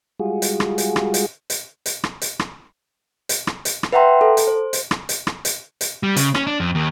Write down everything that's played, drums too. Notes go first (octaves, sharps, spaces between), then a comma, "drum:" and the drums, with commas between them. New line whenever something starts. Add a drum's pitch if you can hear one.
G3 G#3 F4 F#4 G#4
drum: hi-hat
drum: rim click
drum: hi-hat
drum: rim click
drum: hi-hat
drum: hi-hat
drum: hi-hat
drum: rim click
drum: hi-hat
drum: rim click
drum: hi-hat
drum: rim click
drum: hi-hat
drum: rim click
B4 E5 F#5 G5 A#5 C6
A4
drum: hi-hat
C5
drum: hi-hat
drum: rim click
drum: hi-hat
drum: rim click
drum: hi-hat
drum: hi-hat
G3
C#3, drum: hi-hat
C#4, drum: rim click
D4
F2
D#2